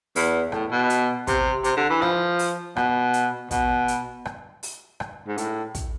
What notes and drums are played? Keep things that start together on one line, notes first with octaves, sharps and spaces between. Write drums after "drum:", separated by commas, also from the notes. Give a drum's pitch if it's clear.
E2, drum: open hi-hat
A2, drum: rim click
B2
drum: hi-hat
C3, drum: kick, hi-hat
C3, drum: hi-hat
D3
E3
F3, drum: rim click
drum: open hi-hat
B2, drum: rim click
drum: hi-hat
B2, drum: kick, hi-hat
drum: hi-hat
drum: rim click
drum: open hi-hat
drum: rim click
G#2
A2, drum: hi-hat
drum: kick, hi-hat